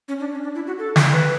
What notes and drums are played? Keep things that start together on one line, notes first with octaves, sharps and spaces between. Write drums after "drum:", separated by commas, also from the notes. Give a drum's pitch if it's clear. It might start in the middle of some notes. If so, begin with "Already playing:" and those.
C#4
D4
C#4
D4
E4
F#4
A4
drum: snare
B4